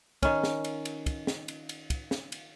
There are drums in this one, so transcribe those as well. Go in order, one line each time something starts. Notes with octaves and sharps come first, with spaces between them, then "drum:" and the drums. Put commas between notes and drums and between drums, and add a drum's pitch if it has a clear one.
D#3 C#4, drum: kick, cymbal
drum: snare
drum: cymbal
drum: cymbal
drum: kick, cymbal
drum: snare
drum: cymbal
drum: cymbal
drum: kick, cymbal
drum: snare
drum: cymbal